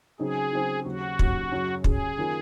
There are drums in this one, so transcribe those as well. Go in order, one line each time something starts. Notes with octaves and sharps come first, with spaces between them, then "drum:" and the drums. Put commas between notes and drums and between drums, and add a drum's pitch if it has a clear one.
C#3 F#3 C4 D#4 G#4
C#3 F#3 C4 D#4
D#2 C#3 F#3 F#4
D#2 C#3 F#3, drum: kick
F#2 C#3 F#3 C#4
F#2 C#3 F#3 C#4 G#4, drum: kick
D#3 A#3 C#4 F4